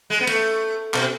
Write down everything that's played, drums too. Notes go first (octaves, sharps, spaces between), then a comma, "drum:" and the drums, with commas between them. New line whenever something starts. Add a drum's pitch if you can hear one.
G#3
B3
A3, drum: cymbal
B2, drum: clap